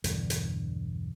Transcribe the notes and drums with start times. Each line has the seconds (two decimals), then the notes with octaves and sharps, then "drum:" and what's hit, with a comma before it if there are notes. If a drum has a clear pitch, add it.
0.04 B1 E2 G2 D3, drum: hi-hat
0.30 drum: hi-hat